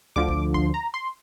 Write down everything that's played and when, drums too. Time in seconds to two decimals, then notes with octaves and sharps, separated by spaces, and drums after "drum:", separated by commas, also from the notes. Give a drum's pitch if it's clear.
0.16 D2 D3 F3 D6
0.29 drum: kick
0.54 C6, drum: kick
0.74 A#5
0.94 C6